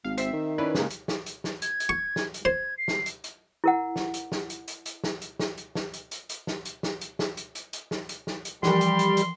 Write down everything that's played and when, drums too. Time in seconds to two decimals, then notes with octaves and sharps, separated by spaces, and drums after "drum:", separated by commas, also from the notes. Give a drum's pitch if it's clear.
0.04 G#1 F5
0.18 C4 E5 C7, drum: hi-hat
0.33 D#3
0.58 C#4 E4 B4 D5
0.75 C#3 G#3 A#3, drum: snare
0.90 drum: hi-hat
1.08 drum: snare
1.26 drum: hi-hat
1.44 drum: snare
1.62 G#6, drum: hi-hat
1.80 drum: hi-hat
1.89 C#6
2.16 drum: snare
2.34 drum: hi-hat
2.45 C5 G#6
2.78 C7
2.88 drum: snare
3.06 drum: hi-hat
3.24 drum: hi-hat
3.64 E4 A#4 F#5
3.96 drum: snare
4.14 drum: hi-hat
4.32 drum: snare
4.50 drum: hi-hat
4.68 drum: hi-hat
4.86 drum: hi-hat
5.04 drum: snare
5.22 drum: hi-hat
5.39 drum: snare
5.57 drum: hi-hat
5.75 drum: snare
5.93 drum: hi-hat
6.11 drum: hi-hat
6.29 drum: hi-hat
6.47 drum: snare
6.65 drum: hi-hat
6.83 drum: snare
7.01 drum: hi-hat
7.19 drum: snare
7.37 drum: hi-hat
7.55 drum: hi-hat
7.73 drum: hi-hat
7.91 drum: snare
8.09 drum: hi-hat
8.27 drum: snare
8.45 drum: hi-hat
8.63 E3 F3 G3 C6, drum: snare
8.81 drum: hi-hat
8.99 drum: hi-hat
9.17 drum: hi-hat